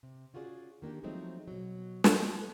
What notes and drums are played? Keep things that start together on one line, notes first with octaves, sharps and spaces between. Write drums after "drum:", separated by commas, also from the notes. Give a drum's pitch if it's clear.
C3
C#4 F4 F#4 G#4 B4 D5
D#3 A#3 D4 G4
F3 F#3 G#3 A3 C4 D#4
B2 F#3
A4, drum: snare